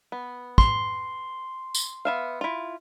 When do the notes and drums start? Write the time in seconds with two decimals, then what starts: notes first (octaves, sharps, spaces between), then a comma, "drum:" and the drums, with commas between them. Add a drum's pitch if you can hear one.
0.12 B3
0.58 C6, drum: kick
1.75 drum: tambourine
2.05 B3 E5 F5
2.41 E4 F4